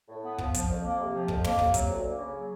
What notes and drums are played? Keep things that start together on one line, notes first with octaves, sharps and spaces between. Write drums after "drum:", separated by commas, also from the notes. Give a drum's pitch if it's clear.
A2
B3
F3, drum: kick
F3, drum: kick, hi-hat
F2
A#3
C3
F3
F2, drum: kick
A#3, drum: tom
C3, drum: kick
F#3, drum: kick, hi-hat
D2
A#3
C#3
F#3